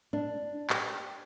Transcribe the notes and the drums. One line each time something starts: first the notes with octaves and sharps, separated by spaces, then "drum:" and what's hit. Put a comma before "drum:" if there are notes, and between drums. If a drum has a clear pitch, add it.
D4
G4, drum: clap